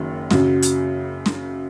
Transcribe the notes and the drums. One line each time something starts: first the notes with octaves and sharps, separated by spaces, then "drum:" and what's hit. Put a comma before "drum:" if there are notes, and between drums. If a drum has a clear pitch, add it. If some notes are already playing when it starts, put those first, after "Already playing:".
Already playing: F#1 F#2 D#3 F#3
F#2 C#3 F#3, drum: snare
drum: hi-hat
drum: snare